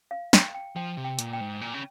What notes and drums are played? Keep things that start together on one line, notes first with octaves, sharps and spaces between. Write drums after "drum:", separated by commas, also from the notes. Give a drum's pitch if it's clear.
F5
G5, drum: snare
G5
F3 G5
C3
G5
A#2, drum: hi-hat
G5
G#2
A#2
C#3